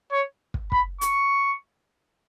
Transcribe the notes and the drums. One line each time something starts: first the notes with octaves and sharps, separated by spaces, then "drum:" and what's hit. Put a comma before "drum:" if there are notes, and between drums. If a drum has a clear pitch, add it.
C#5
drum: kick
B5, drum: kick
C#6, drum: hi-hat